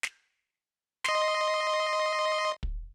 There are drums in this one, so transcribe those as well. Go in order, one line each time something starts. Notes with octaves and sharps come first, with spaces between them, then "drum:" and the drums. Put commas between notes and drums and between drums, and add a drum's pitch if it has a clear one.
drum: snare
D#5 C6, drum: snare
drum: kick